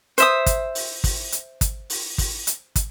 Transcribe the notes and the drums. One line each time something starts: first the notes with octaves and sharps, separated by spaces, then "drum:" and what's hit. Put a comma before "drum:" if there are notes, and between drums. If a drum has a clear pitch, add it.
C5 E5 D#6, drum: hi-hat
drum: kick, hi-hat
drum: open hi-hat
drum: kick, open hi-hat
drum: hi-hat
drum: kick, hi-hat
drum: open hi-hat
drum: kick, open hi-hat
drum: hi-hat
drum: kick, hi-hat